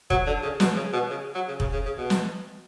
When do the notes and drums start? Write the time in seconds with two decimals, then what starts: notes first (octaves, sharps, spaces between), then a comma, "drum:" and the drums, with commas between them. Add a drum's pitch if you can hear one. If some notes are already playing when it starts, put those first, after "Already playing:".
0.10 F#3, drum: kick
0.27 D3
0.43 C#3
0.60 B2, drum: snare
0.76 C#3
0.93 B2
1.10 C#3
1.35 F#3
1.48 C#3
1.60 C#3, drum: kick
1.73 C#3
1.86 C#3
1.98 B2
2.10 drum: snare